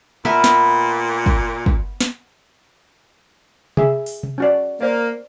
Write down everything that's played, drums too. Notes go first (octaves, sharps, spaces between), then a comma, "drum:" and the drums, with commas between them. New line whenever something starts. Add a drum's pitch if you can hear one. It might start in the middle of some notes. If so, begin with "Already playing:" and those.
A#2 B3 A#4 E5
drum: snare
drum: kick
drum: kick
drum: snare
G#4 E5, drum: tom C3
drum: open hi-hat
drum: tom C3
C#4 F#4 D5
A#3 C5 D5